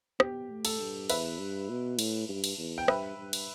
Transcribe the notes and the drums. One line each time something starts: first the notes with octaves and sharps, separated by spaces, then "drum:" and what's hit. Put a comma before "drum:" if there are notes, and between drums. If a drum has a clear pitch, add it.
B3 G4, drum: rim click
A3
A4, drum: cymbal
G2
E2 B4 E5, drum: cymbal
G2
B2
A2, drum: cymbal
G2
drum: cymbal
E2
G5
G2 B4 E5, drum: rim click
G2
drum: cymbal